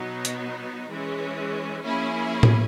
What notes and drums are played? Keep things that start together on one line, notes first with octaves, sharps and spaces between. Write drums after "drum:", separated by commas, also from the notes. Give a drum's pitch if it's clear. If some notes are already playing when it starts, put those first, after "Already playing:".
Already playing: B2 F#3 B3 D#4
drum: hi-hat
E3 G#3 C#4
F3 A#3 C#4 E4 G#4
drum: tom A2